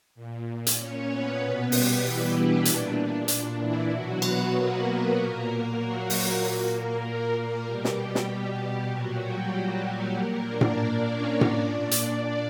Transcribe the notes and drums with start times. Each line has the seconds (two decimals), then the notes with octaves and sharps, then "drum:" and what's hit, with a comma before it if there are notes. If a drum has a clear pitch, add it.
0.15 A#2
0.67 drum: hi-hat
0.78 C#4 C#5
1.10 B3 B4
1.41 B2
1.72 G3 G4, drum: open hi-hat
2.03 E3 E4
2.35 D4
2.65 A#2 D4, drum: hi-hat
3.28 D4, drum: hi-hat
3.60 E3 E4
3.91 B2 F#3 F#4
4.22 B3 B4, drum: cymbal
4.54 A#3 A#4
4.84 A#3 A#4
5.16 A#2
5.79 F#3 F#4
6.10 A#3 A#4, drum: open hi-hat
6.41 A#2 A#3 A#4
7.34 A#3 A#4
7.66 B2 G3 G4
7.84 drum: snare
7.97 G3 G4
8.15 drum: snare
8.91 A#2 F#3 F#4
9.22 G3 G4
10.16 A#2 A#3 A#4
10.47 D4 D5
10.61 drum: tom A2
10.79 D4 D5
11.10 C#4 C#5
11.41 A#2 D4 D5, drum: tom A2
11.72 D4 D5
11.91 drum: hi-hat